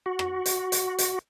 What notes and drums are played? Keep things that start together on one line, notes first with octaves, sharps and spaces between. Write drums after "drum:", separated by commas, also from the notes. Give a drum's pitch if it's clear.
F#4
drum: rim click
drum: hi-hat
drum: hi-hat
drum: hi-hat